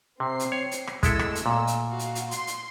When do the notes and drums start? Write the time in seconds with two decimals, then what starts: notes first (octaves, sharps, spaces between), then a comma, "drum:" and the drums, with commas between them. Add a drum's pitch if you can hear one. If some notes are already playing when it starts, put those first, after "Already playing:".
0.20 C3 C4 C7
0.40 drum: hi-hat
0.52 C#5
0.71 drum: hi-hat
0.87 drum: rim click
1.03 G#3 A3 E4 A4 D#5 E6, drum: kick, hi-hat
1.19 drum: rim click
1.35 drum: hi-hat
1.46 A#2
1.67 drum: hi-hat
1.90 F#4 F5
1.99 drum: hi-hat
2.15 drum: hi-hat
2.31 C6, drum: hi-hat
2.47 drum: hi-hat